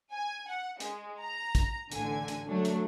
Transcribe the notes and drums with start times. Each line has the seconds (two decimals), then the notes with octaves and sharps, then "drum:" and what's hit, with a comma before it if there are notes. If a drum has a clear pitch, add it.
0.12 G#5
0.49 F#5
0.80 G#3, drum: hi-hat
1.22 A#5
1.55 drum: kick, hi-hat
1.91 A1 D3 G#5, drum: hi-hat
2.28 drum: hi-hat
2.48 F#3 A3 D4
2.65 drum: hi-hat